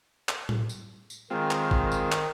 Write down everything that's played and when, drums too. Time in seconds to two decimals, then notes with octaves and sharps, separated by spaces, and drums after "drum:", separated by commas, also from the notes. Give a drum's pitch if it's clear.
0.29 drum: clap
0.49 drum: tom A2
0.69 drum: tambourine
1.10 drum: tambourine
1.30 D#3 G#3 C4 F4 G5
1.51 drum: clap
1.71 drum: kick G#1
1.92 drum: tambourine
2.12 drum: clap